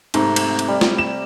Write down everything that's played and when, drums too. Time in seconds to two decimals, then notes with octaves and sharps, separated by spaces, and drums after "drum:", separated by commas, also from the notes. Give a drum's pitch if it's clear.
0.14 G#2 C3 A3 A#5, drum: cymbal
0.36 drum: cymbal
0.59 drum: cymbal
0.68 G3
0.81 drum: snare
0.98 E7